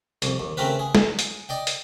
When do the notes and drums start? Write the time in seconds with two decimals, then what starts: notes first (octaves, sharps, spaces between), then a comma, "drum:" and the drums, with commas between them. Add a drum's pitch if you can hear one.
0.22 C2 F2, drum: hi-hat
0.40 D#2
0.57 C#3 A3 C4 G4 A#4 B4
0.79 G#4
0.95 drum: snare
1.19 drum: hi-hat
1.49 D5 D#5 G5
1.67 drum: hi-hat